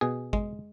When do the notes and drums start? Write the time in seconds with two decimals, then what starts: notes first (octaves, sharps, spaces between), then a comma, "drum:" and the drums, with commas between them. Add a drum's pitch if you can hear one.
0.01 B2 G#4
0.33 G#3, drum: kick